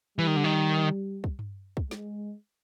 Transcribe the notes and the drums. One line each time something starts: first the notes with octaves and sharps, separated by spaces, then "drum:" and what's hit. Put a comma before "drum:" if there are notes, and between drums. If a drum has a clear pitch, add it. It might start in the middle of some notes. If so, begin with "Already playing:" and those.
E3 G3
D#3
D3
D#3
drum: kick
drum: tom G2
drum: kick
G#3, drum: snare